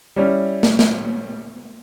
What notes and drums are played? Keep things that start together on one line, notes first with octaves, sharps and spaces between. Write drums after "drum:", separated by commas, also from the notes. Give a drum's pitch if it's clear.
G3 C#4 E4
drum: snare
drum: snare